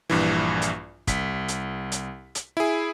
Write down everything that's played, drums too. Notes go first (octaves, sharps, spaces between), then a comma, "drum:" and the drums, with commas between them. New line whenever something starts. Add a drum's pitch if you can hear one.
A#1 G2 E3
drum: hi-hat
C2 B6, drum: kick, hi-hat
drum: hi-hat
drum: hi-hat
drum: hi-hat
E4 G#4